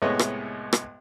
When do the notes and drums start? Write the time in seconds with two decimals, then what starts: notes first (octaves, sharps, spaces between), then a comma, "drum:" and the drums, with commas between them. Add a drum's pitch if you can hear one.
0.02 C2 A2 G#3 B3 C#5 D#5
0.19 drum: rim click
0.73 drum: rim click